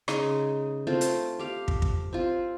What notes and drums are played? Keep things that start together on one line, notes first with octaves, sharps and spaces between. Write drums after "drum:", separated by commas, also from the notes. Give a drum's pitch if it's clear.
C#3 G#3 D#4 G#4, drum: rim click
A3 C4 F4
drum: hi-hat
G4 F5
drum: kick
drum: kick
C4 F4